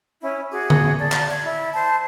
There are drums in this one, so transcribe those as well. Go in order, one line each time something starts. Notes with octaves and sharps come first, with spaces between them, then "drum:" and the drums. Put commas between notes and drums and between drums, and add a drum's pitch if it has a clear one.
C#4 E4
F#4 G#4 D6
drum: tom D3
D5 A5
drum: clap
G#6
E4
C5 A5